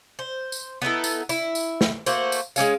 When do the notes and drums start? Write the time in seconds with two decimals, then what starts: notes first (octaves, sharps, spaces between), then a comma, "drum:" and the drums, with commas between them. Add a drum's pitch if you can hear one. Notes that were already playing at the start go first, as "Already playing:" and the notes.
0.19 C5
0.52 drum: tambourine
0.82 B3 D#4 E4 A4
1.04 drum: tambourine
1.29 E4, drum: tambourine
1.55 drum: tambourine
1.81 drum: snare
2.06 A3 A#3 F#4 C5, drum: tambourine
2.32 drum: tambourine
2.56 G#3 A#3 C#4 F5, drum: tambourine